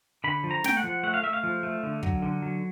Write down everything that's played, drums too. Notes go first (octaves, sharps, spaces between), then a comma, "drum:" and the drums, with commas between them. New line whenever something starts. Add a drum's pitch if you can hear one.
D3 B5
F3
A#5
A3 G5, drum: snare
F#5
F3
A3 F#5
F5
A3 E5
F5
F3
A3
D3
F#3, drum: kick
D3
F#3